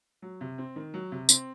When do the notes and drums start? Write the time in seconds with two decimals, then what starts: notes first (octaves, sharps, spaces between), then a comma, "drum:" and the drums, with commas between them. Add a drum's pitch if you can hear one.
0.22 F#3
0.41 C3
0.58 C4
0.76 D#3
0.94 F#3
1.12 C3
1.29 C4, drum: tambourine